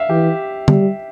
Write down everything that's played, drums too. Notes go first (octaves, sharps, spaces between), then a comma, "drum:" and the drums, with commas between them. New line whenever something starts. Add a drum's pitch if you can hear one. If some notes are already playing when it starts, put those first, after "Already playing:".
Already playing: E5 F5
E3 G4
G3, drum: tom